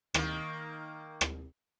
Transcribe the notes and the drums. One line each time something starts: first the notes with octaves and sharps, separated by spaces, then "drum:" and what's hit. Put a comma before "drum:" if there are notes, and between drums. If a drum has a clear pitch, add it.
D#3 A#3, drum: rim click
drum: rim click